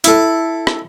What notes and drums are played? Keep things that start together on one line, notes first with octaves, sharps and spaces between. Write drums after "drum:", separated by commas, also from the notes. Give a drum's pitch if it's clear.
E4 A4, drum: hi-hat
drum: rim click